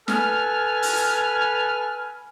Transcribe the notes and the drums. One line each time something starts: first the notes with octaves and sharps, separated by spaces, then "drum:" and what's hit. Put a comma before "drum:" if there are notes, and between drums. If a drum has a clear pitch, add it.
A4 B4 G#5 F6, drum: snare
drum: open hi-hat
drum: hi-hat